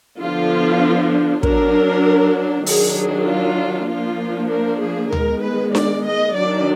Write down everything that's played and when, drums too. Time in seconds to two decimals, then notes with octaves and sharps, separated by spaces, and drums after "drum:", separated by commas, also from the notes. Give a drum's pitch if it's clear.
0.19 D3 F3 B3 D4 F4
1.43 F#3 D4 A#4, drum: kick
2.66 D#3 F#3 D4 G#4, drum: open hi-hat
2.96 G#4
3.28 F4
3.89 F3 A#3 D4 F4
4.51 A#4
4.81 G#4
5.12 D#3 G#3 B3 A#4, drum: tom D2
5.43 B4
5.75 D5, drum: snare D4
6.05 D#5
6.35 D#3 F#3 D4 D5